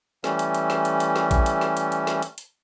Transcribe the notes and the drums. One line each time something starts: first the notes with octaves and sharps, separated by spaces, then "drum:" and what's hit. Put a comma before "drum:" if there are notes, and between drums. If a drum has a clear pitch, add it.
E3 G3 A3 C#4, drum: snare
drum: hi-hat
drum: hi-hat
drum: snare
drum: hi-hat
drum: hi-hat
drum: snare
drum: kick A1, hi-hat
drum: hi-hat
drum: snare
drum: hi-hat
drum: hi-hat
drum: snare
drum: hi-hat
drum: hi-hat